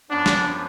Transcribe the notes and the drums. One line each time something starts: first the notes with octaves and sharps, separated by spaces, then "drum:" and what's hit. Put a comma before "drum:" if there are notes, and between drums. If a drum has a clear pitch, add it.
F#2 F3 B3 D4
drum: snare